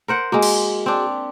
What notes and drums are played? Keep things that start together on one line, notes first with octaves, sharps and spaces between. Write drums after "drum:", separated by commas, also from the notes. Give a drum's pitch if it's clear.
A#4 C5 F#5
G#3 A#3 F#4 G#4
drum: cymbal
C4 D4